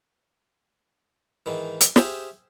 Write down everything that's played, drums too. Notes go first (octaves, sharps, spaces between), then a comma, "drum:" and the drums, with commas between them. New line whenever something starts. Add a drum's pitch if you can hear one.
G#2 D#3 E3
drum: hi-hat
G4 G#4 C5 E5 F5, drum: snare